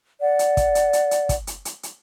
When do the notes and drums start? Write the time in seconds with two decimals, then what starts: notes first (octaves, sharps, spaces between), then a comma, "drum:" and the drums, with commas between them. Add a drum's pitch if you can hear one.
0.21 D5 F#5
0.39 drum: hi-hat
0.57 drum: kick, hi-hat
0.75 drum: hi-hat
0.93 drum: hi-hat
1.11 drum: hi-hat
1.29 drum: kick, hi-hat
1.47 drum: hi-hat
1.65 drum: hi-hat
1.83 drum: hi-hat